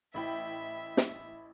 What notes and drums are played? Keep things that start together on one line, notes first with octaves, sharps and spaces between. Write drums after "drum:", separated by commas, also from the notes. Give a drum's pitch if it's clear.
A1 E4 E5 G5
drum: snare